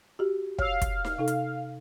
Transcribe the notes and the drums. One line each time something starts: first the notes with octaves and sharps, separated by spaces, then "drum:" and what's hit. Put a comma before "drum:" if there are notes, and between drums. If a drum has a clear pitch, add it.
F#4 G4
C#5 F5 E6, drum: kick
drum: kick, hi-hat
drum: snare D#4
C3 D#4 A4
drum: hi-hat